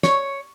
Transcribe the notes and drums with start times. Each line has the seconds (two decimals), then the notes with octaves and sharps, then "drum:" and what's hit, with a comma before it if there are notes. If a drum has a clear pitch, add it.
0.03 C#5, drum: snare